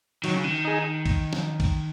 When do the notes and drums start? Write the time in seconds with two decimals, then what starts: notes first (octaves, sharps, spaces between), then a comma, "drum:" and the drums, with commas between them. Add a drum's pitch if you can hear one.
0.24 D#3 F#3, drum: cymbal
0.34 C#3
0.44 D#3
0.65 D#4 G#4
1.06 drum: kick A#1, cymbal
1.33 drum: snare
1.60 drum: kick A#1, cymbal